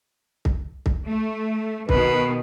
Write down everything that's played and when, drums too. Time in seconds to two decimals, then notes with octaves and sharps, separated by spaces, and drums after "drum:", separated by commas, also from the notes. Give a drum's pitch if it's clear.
0.45 drum: kick C2
0.86 drum: kick C2
1.06 A3
1.89 B2 D#3 B4, drum: kick C2